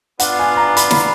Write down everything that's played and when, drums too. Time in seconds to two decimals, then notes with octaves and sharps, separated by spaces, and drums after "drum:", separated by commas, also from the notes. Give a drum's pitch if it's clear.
0.19 B3 D4 F4 F#5, drum: hi-hat
0.39 G#5
0.57 A#5
0.77 B5, drum: hi-hat
0.91 drum: snare